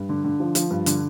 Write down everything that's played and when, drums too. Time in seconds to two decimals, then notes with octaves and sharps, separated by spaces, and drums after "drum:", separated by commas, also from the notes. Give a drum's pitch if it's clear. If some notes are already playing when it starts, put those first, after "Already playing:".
Already playing: G2
0.09 D3
0.25 D3
0.40 F3
0.55 F3, drum: hi-hat
0.70 G2
0.86 D3, drum: hi-hat